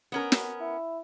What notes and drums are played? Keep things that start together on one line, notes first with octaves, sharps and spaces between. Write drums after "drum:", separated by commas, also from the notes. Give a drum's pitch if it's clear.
B3 C#4 A#4
drum: snare
E4